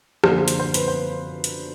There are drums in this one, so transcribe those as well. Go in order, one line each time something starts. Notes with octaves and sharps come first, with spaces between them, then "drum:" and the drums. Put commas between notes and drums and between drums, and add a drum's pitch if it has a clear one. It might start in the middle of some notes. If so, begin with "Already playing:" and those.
F#2 D3 F3 A#3 D4 C5, drum: rim click
drum: hi-hat
C5
B4, drum: hi-hat
C5
drum: hi-hat